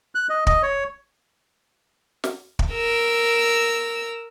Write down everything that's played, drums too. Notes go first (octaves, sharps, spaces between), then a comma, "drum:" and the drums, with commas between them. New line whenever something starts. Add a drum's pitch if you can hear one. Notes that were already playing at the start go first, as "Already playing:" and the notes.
F#6
D#5
D#5, drum: kick
C#5
drum: snare
drum: kick
A#4 E6